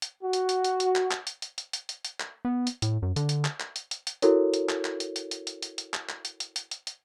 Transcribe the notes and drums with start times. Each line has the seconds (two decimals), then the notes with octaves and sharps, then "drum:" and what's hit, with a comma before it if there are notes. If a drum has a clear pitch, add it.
0.02 drum: hi-hat
0.24 F#4
0.33 drum: hi-hat
0.49 drum: hi-hat
0.64 drum: hi-hat
0.80 drum: hi-hat
0.96 drum: clap
1.11 drum: clap
1.27 drum: hi-hat
1.42 drum: hi-hat
1.58 drum: hi-hat
1.73 drum: hi-hat
1.89 drum: hi-hat
2.05 drum: hi-hat
2.20 drum: clap
2.45 B3
2.67 drum: hi-hat
2.82 A2, drum: hi-hat
3.02 F#2
3.16 D3, drum: hi-hat
3.29 drum: hi-hat
3.45 drum: clap
3.60 drum: clap
3.76 drum: hi-hat
3.91 drum: hi-hat
4.07 drum: hi-hat
4.22 E4 F#4 A4 A#4 C#5, drum: hi-hat
4.54 drum: hi-hat
4.69 drum: clap
4.85 drum: clap
5.00 drum: hi-hat
5.16 drum: hi-hat
5.31 drum: hi-hat
5.47 drum: hi-hat
5.62 drum: hi-hat
5.78 drum: hi-hat
5.94 drum: clap
6.09 drum: clap
6.25 drum: hi-hat
6.40 drum: hi-hat
6.56 drum: hi-hat
6.71 drum: hi-hat
6.87 drum: hi-hat